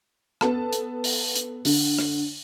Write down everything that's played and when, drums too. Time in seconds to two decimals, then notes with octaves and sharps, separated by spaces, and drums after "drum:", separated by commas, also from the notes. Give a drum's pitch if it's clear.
0.41 B3 A4 A5, drum: rim click
0.73 drum: hi-hat
1.04 drum: open hi-hat
1.36 drum: hi-hat
1.65 D3, drum: open hi-hat
1.98 drum: rim click